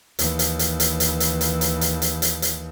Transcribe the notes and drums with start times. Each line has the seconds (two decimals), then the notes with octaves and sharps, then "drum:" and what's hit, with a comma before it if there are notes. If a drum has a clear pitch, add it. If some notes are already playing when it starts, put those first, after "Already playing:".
0.19 D#2 E3, drum: hi-hat
0.39 drum: hi-hat
0.59 drum: hi-hat
0.80 drum: hi-hat
1.00 drum: hi-hat
1.20 drum: hi-hat
1.41 drum: hi-hat
1.61 drum: hi-hat
1.81 drum: hi-hat
2.02 drum: hi-hat
2.22 drum: hi-hat
2.42 drum: hi-hat